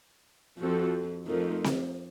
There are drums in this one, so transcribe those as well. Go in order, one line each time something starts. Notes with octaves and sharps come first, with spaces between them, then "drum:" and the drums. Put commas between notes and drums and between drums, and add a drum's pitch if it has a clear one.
F2 F3 C4 F#4 A4
F2 F3 A3 D#4 A#4
drum: snare C4